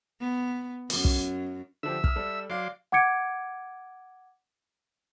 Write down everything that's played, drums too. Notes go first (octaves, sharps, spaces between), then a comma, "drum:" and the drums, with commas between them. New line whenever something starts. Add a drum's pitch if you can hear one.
B3
F#2, drum: open hi-hat
drum: kick
D3 F3 G4 E5 E6
D#6 F6, drum: kick
G3 A4
F#3 D5 F5 C6 D6
F#5 D6 G#6 C#7 D7